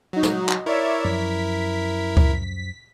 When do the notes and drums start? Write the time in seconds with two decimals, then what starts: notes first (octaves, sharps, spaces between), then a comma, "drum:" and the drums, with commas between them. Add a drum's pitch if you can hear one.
0.13 F#3 D#4 F#4
0.23 drum: snare
0.49 drum: clap
0.66 E4 A#4 C#5 D5 E5
1.04 F#2 F3 B6
2.17 drum: kick C#2